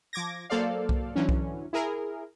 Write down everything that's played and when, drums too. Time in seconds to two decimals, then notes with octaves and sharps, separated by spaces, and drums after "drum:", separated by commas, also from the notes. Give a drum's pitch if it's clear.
0.13 F3 D6 G#6 A#6
0.50 F#3 A#3 A4 C5 D5 F5
0.89 drum: kick B1
1.15 D3 E3 F#3 C#4
1.29 drum: kick B1
1.73 E4 G#4 A#4